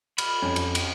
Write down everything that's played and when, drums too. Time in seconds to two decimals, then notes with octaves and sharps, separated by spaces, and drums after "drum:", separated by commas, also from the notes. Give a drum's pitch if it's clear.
0.18 B5 F6, drum: cymbal
0.42 F2 C#4
0.56 drum: cymbal
0.75 drum: cymbal